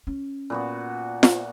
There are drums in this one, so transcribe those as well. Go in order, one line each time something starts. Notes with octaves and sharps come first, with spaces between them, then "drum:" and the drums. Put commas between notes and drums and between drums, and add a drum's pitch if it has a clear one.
C#4
A#2 B3 F#4
drum: snare F4